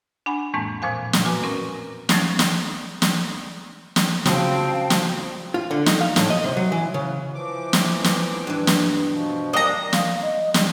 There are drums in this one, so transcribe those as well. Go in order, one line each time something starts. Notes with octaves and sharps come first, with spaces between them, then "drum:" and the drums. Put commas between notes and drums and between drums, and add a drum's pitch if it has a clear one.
D4 F#5 G#5 B5
F2 A2 E3 G#3 A#3 C4
A#2 F3 C5 F5 G#5
drum: snare
A#3 F#4 B4 G#5 D6 F6
C4 C#4 A#4
F3 F#3 A3 B3 C#4 D#4, drum: snare
drum: snare
drum: snare
drum: snare
C#3 C4 F4 F#4 C5 F5 G5 A5, drum: snare
drum: snare
F4
D3
D#4, drum: snare
F5
A2, drum: snare
D#5
C3
F#3
E3
C#3
E3 F3 D6
drum: snare
drum: snare
G2 E3
drum: snare
B2 F3
G3 A#3 D4 D#5 A#5
F5, drum: snare
D#5
G3, drum: snare